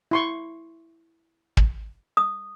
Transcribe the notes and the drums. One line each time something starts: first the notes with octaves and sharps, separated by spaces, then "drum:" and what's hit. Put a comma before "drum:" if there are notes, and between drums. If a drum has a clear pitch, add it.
E4 C6 C#6
drum: kick
D#6